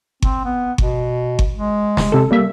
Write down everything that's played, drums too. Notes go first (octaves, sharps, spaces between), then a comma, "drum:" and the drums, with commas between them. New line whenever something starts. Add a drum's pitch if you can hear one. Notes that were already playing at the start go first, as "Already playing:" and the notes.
C4, drum: kick G1
B3
B2, drum: kick G1
drum: kick G1
G#3
drum: snare
C3 A4
G3 A#3 E5